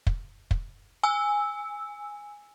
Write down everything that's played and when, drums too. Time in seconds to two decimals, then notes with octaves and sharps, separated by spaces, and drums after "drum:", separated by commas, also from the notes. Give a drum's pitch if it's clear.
0.07 drum: kick
0.51 drum: kick
1.03 G#5 E6